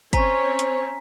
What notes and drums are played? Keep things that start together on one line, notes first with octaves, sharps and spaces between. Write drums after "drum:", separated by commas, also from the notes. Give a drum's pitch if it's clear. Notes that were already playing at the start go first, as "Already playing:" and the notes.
C4 C#4 C5 C#5 G#5 A#5 C#6 B6, drum: kick, hi-hat
drum: hi-hat